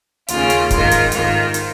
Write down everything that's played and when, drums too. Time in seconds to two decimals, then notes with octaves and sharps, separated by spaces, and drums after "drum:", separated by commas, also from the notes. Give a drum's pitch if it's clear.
0.28 D#2 C#3 F4, drum: hi-hat
0.50 drum: hi-hat
0.71 G#2 D#3 F4, drum: kick, hi-hat
0.91 drum: hi-hat
1.12 G#2 D#3 F4, drum: hi-hat
1.54 drum: hi-hat